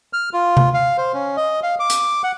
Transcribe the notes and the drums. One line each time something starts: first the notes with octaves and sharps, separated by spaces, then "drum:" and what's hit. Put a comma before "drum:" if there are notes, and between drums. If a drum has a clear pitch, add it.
F6
F4
drum: tom C3
F5
C5
C#4
D#5
F5
D6
drum: hi-hat
F#5